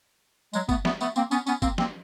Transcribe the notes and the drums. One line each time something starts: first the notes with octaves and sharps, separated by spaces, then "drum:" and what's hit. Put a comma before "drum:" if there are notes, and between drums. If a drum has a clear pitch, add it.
F#3 G#3, drum: tambourine
A3 B3, drum: kick F#1, tambourine
A3 B3, drum: snare
A3 B3, drum: tambourine
A#3 C4, drum: tambourine
B3 C#4, drum: tambourine
B3 C#4, drum: tambourine
A#3 C4, drum: kick F#1, tambourine
A#3 C4, drum: snare